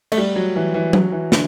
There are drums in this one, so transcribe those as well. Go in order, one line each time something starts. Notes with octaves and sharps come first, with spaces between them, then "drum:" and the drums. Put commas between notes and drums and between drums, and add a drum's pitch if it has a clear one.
A3, drum: cymbal
G3
F#3
E3
E3
F#3, drum: tom F#3
E3
D3, drum: snare